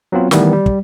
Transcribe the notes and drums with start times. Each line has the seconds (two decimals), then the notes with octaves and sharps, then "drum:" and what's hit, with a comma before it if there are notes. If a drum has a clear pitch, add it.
0.12 F#3 B3 C4 F4
0.31 D#3 E3 G3 A3 B3, drum: snare
0.53 G3
0.66 drum: kick